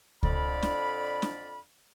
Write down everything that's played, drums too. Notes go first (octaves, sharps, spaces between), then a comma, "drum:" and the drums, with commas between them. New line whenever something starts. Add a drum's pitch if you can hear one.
F2 D3 D5 F5 B5, drum: kick C#2
drum: snare
drum: snare